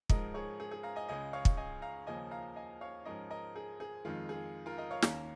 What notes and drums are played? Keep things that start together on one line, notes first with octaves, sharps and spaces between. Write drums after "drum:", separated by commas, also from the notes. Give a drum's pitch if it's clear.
G#2 F3 G#3 A#4 D#5, drum: kick
G#4 C#5
G#4
G#4
F5 A#5
D#5 G#5
C#2 C#3 G#3 D#5 G#5
C#5 F5
drum: kick
D#5 G#5
F5 A#5
D#2 C#3 F3 A#3 C#4 D#5 G#5
F5 A#5
D#5 G#5
C#5 F5
G#2 F3 G#3 C#4 A#4 D#5
A#4 D#5
G#4
G#4
F2 D#3 G#3 F4
G#4
F4 A#4
A#4 D#5
C#5 F5
D#2 D#3 A#3 C#4 F5 A#5, drum: snare